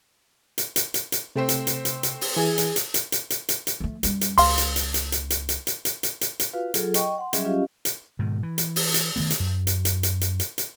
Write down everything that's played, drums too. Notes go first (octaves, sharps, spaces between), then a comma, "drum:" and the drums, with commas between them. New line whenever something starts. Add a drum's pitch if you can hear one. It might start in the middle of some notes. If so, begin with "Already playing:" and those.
drum: hi-hat
drum: hi-hat
drum: hi-hat
drum: hi-hat
C3 A3 C4 C5
drum: hi-hat
drum: hi-hat
drum: hi-hat
drum: hi-hat
drum: open hi-hat
E3 G#4 G#5
drum: hi-hat
drum: hi-hat
drum: hi-hat
drum: hi-hat
drum: hi-hat
drum: hi-hat
drum: hi-hat
F3 A3
F#2 G3, drum: hi-hat
drum: hi-hat
C#2 F5 C6, drum: open hi-hat
drum: hi-hat
drum: hi-hat
drum: hi-hat
drum: hi-hat
drum: hi-hat
drum: hi-hat
drum: hi-hat
drum: hi-hat
drum: hi-hat
drum: hi-hat
drum: hi-hat
F4 F#4 B4 F5
F#3 F4 G#4 A4, drum: hi-hat
D#5 G5 C#6, drum: hi-hat
F#5 C6
F#3 G3 C#4 G#4 D#5 E5, drum: hi-hat
C#4 F4 G4 D#5 F5
drum: hi-hat
G#2 B2 D#3
E3
drum: hi-hat
drum: open hi-hat
drum: hi-hat
D#3 A3 B3
drum: hi-hat
F#2
drum: hi-hat
drum: hi-hat
drum: hi-hat
drum: hi-hat
drum: hi-hat
drum: hi-hat